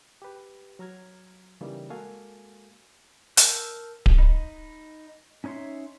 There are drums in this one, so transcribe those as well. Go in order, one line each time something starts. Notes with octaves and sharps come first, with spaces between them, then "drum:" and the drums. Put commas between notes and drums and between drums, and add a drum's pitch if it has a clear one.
G4 B4
F#3 A#5 F6 G#6
C#3 E3 G3 A#3 D#4
G#3 A#3 F#4 A4 F5 G#5
A#4 A5 E6 G6, drum: hi-hat
drum: kick D1
D#4 D#5 B5
C#4 D#4 C#5 E5 C6